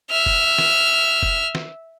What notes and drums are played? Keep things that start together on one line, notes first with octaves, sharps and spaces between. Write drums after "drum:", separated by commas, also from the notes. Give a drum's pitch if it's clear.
E5 F6
drum: kick F1
drum: snare
drum: kick F1
drum: snare